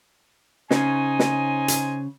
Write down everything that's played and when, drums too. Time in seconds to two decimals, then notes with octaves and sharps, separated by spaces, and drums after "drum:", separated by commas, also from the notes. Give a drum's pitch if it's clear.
0.71 C#3 D#4 C5 G#5, drum: snare
1.19 drum: snare
1.68 drum: hi-hat